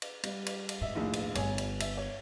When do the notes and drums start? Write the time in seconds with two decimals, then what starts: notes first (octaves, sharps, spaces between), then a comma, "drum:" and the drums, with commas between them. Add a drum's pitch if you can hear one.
0.02 drum: cymbal
0.23 G3, drum: cymbal
0.47 drum: cymbal
0.69 drum: cymbal
0.81 G#2 D#5 E5
0.95 A#1 D#2 A2
1.13 drum: cymbal
1.35 G1 C#5 G#5, drum: cymbal
1.58 drum: cymbal
1.80 E5, drum: cymbal
1.97 C#5